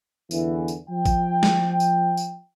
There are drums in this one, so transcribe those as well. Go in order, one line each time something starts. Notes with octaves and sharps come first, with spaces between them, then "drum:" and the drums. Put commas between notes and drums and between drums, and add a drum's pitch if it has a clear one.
E2 D3 E3, drum: tambourine
drum: tambourine
F3 G5
drum: kick A1, tambourine
drum: snare
drum: tambourine
drum: tambourine